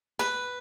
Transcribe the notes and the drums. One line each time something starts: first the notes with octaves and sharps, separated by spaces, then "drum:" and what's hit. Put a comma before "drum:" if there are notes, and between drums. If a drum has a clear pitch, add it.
B4, drum: snare